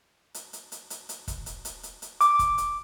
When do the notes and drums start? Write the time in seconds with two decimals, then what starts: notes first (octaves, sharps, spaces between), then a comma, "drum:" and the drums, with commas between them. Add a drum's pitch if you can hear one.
0.34 drum: hi-hat
0.53 drum: hi-hat
0.72 drum: hi-hat
0.90 drum: hi-hat
1.09 drum: hi-hat
1.28 drum: kick, hi-hat
1.46 drum: hi-hat
1.65 drum: hi-hat
1.83 drum: hi-hat
2.02 drum: hi-hat
2.21 D6, drum: hi-hat
2.39 drum: kick, hi-hat
2.58 drum: hi-hat